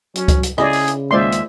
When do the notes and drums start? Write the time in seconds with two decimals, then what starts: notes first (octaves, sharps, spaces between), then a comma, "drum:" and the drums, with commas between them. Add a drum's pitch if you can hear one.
0.15 F#3 C#4, drum: hi-hat
0.28 drum: kick C#2, hi-hat
0.43 drum: hi-hat
0.58 C#3 E4 G#4 D5 D#5, drum: rim click
0.73 drum: open hi-hat
0.88 drum: hi-hat
1.11 D#2 G#3 F4 C5 D5 E5 C6
1.32 drum: hi-hat